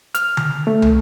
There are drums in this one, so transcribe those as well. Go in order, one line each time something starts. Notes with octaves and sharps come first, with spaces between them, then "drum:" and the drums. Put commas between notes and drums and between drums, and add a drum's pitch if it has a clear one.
F6, drum: hi-hat
drum: tom D3
A3
drum: tom